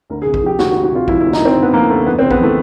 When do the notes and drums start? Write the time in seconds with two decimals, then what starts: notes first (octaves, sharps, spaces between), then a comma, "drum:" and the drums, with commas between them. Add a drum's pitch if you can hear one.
0.10 D2 A#4
0.22 G#4
0.26 C3
0.34 G#4, drum: kick A1
0.43 F3 G4
0.59 D2 F#4, drum: snare
0.71 F#4
0.75 D2
0.84 F#4
0.92 C3 F4
1.08 F3 E4, drum: kick A1
1.20 E4
1.25 D2
1.33 D#4, drum: snare
1.41 D2 C4
1.57 C3
1.62 B3
1.73 F3 A#3
1.90 D2 A3
2.06 F2 B3
2.19 C4
2.23 C#3
2.31 B3, drum: kick A1
2.40 E3 A3